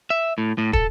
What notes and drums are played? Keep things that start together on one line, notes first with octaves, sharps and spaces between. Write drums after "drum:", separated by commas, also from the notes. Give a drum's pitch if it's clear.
E5
A2
A2
A4, drum: kick